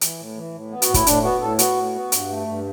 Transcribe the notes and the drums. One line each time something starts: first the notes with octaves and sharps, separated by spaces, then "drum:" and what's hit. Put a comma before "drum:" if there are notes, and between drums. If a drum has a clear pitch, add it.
E3, drum: hi-hat
A2
E3
A2
B3
F#4, drum: hi-hat
A2
E4, drum: kick, hi-hat
A2 D4, drum: hi-hat
B3 F#4
A2 A4
B3 F#4, drum: hi-hat
A2
B3
G2, drum: hi-hat
A3
G2